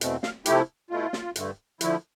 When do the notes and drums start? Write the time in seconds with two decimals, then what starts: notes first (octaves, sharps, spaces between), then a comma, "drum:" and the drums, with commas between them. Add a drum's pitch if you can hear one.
0.01 E2 B2 A3 C4, drum: hi-hat
0.23 F5, drum: snare
0.46 C3 F3 A3 E4 G4, drum: hi-hat
0.90 B2 A3 E4 F4
1.13 drum: snare
1.36 G2 D3 A3, drum: hi-hat
1.81 D3 F3 A3 E4, drum: hi-hat